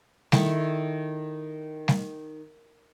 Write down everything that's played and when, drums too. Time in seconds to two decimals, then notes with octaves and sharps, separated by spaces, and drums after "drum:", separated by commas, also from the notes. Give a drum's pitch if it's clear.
0.32 D#3 E4 A4 C#6, drum: snare G3
1.88 drum: snare G3